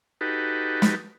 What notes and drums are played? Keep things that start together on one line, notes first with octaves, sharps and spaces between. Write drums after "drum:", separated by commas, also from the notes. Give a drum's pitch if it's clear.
D#4 F#4 G4 A4 B4
drum: snare